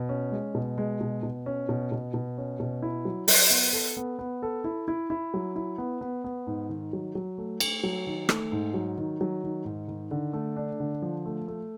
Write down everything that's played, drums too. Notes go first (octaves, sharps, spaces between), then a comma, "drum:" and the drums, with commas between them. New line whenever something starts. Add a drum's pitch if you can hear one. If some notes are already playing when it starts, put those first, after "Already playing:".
Already playing: B2
C#4
G#3
B2
G#3
B2
B2
C#4
B2
B2
B2
C#4
B2
E4
F#3
F#3, drum: open hi-hat
B3
A4
B3
B3
A4
E4
E4
E4
F#3
E4
B3
B3
B3
G#2
D#3
F#3
F#3
A3
A3, drum: cymbal
F#3
D#3
A3, drum: rim click
G#2
F#3
D#3
F#3
D#3
G#2
D#3
D3
A3
D4
D3
F3
A3
A3